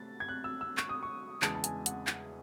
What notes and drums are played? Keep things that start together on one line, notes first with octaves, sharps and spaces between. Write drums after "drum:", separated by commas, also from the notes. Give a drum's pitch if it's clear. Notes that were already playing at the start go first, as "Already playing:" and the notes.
Already playing: C3 A3 F#6 A6
G#6
F#6
E6
E6
C#6, drum: clap
D#6
C#6
E2 C#3 G#3 A5, drum: clap
A5
G#5, drum: hi-hat
F#5, drum: hi-hat
F#5, drum: clap